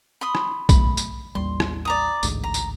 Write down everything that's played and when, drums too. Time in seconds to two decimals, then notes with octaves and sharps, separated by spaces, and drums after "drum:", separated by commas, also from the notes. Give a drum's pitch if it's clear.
0.21 B5 C6 D#6
0.35 drum: rim click
0.69 B1 A3 B5, drum: kick, tambourine
0.97 drum: tambourine
1.35 A1 D#2 G3 C6
1.60 drum: rim click
1.85 D5 A#5 D#6
2.23 A1 D2 G#2, drum: tambourine
2.44 A#5
2.54 drum: tambourine